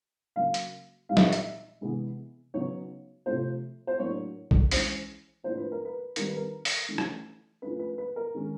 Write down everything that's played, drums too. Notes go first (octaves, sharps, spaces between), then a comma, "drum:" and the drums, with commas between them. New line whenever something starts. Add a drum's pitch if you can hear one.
C#3 F#3 A#3 F5
drum: hi-hat
A#2 G3 C4 D#4 F5
E5, drum: snare
D#5
E5, drum: hi-hat
C3 E3 G#3 B3
C#3 F#3 B3 D#4 C#5
C3 F3 A3 C5
C5
A2 F#3 A#3 D4 C#5
drum: kick B1
E3 G#3 C#4 C5, drum: open hi-hat
A2 F3 A#3 D4 C5
B4
A#4
B4
D#3 G3 C4 A#4, drum: hi-hat
B4
A#4
drum: open hi-hat
E3 A3 C#4
drum: rim click
F3 A3 C#4 B4
B4
B4
A#4
D#3 G#3 C#4